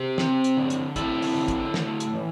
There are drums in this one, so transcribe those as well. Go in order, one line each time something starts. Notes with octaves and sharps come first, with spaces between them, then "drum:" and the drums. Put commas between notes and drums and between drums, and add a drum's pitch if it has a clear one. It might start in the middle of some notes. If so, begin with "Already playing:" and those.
Already playing: G4 C5
C4, drum: snare
drum: hi-hat
D3
drum: hi-hat
C4 E4 A4, drum: kick, hi-hat
drum: open hi-hat
D3
drum: kick, hi-hat
A3, drum: snare
drum: hi-hat
E3